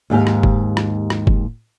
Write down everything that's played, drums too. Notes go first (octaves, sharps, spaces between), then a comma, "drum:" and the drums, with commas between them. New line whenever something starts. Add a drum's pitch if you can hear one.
D#2 G#2 G4 F5
drum: rim click
drum: kick
drum: rim click
drum: rim click
drum: kick